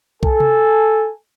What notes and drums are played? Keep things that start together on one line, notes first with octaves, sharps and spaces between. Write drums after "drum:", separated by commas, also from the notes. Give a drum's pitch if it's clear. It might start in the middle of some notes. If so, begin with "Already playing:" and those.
A4 G#5, drum: kick B1
drum: tom C3